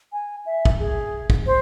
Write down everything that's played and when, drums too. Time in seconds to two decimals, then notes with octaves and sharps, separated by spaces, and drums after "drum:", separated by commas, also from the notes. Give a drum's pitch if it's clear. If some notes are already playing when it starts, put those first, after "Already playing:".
0.13 G#5
0.46 E5
0.65 drum: kick
0.79 G#4
1.30 drum: kick
1.46 C5